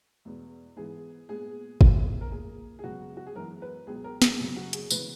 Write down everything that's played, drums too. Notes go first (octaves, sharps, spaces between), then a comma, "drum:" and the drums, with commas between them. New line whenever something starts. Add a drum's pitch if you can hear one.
E2 B2 G#3 B3
G#2 E3 B3 G#4
A#2 G#3 B3 G#4
A#2 G#3 B3, drum: kick
A#4
A#2 A#3 G#4
G#4
F#2 C#3 G#3 B3 F#4
F#4
G#4
F#2 E3 G#3 B3 A#4
B4
C#2 B2 F#3 B3 G#4
A#4
G#4, drum: snare
F#2 C#3 F#3 A#3 G#4
F#4
G#4, drum: hi-hat
C#3 E3 G#3 B3 B4, drum: tambourine